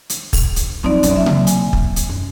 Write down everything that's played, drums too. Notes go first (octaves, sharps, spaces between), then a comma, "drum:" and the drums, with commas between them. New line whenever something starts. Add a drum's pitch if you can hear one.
drum: hi-hat
drum: kick, open hi-hat
drum: hi-hat
D#3 F3 C4 D#4 D5
F#2 C#4, drum: hi-hat
F#3 A#3 E5
drum: tom C3
G#5, drum: hi-hat
drum: kick
drum: hi-hat
F#2